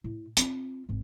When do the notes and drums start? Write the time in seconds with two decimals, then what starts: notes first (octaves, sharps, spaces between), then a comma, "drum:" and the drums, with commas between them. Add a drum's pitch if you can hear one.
0.04 A2
0.37 C4 F4, drum: hi-hat
0.89 G#1 G#2